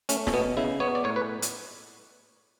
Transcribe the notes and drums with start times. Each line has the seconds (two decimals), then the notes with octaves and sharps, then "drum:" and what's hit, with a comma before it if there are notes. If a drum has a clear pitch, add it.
0.09 A3 C#4, drum: hi-hat
0.27 C#4, drum: snare
0.33 B2 B3
0.57 C#3 E4
0.80 B3 C#5
0.95 D5
1.04 A2 C#5
1.16 B4
1.42 drum: hi-hat